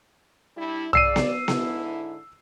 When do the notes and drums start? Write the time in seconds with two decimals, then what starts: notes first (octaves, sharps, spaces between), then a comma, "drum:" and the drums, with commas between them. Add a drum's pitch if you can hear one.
0.57 G3 D4 E4
0.93 C#3 D5 E6 C7 D#7, drum: tom
1.16 drum: snare B3
1.48 G#2 D3 E4, drum: snare B3